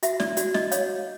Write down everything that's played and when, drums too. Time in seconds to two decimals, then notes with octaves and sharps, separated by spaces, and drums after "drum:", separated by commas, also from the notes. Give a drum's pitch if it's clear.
0.03 F#4 E5, drum: hi-hat
0.20 D5, drum: snare
0.37 F#4 D5, drum: hi-hat
0.54 D#5, drum: snare
0.72 C#5 F5, drum: hi-hat